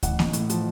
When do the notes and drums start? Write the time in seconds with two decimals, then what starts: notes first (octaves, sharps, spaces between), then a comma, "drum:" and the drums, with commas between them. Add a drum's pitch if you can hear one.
0.03 A1 F#5, drum: kick D2, hi-hat
0.19 A1, drum: snare A#3
0.33 A2, drum: hi-hat
0.50 F3, drum: hi-hat